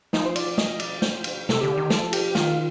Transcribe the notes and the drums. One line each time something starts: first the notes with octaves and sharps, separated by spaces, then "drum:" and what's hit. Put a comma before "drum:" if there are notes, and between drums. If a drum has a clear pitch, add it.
F3 D#4, drum: snare
C5
D5, drum: cymbal
D#5, drum: snare
D5, drum: cymbal
C5, drum: snare
drum: cymbal
C3 A4, drum: snare
D3 G4
D#3
F3 A4, drum: snare
G4, drum: cymbal
D#3 F4, drum: snare